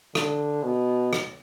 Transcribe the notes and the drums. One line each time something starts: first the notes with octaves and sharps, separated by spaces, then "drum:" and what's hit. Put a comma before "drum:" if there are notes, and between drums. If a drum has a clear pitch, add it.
D3, drum: rim click
B2
drum: rim click